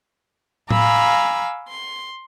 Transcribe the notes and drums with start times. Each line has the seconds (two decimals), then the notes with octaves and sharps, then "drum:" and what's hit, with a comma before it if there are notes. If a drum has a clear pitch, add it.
0.71 F5 G#5 A#5 B5 D6 E6, drum: tom A2
1.68 C6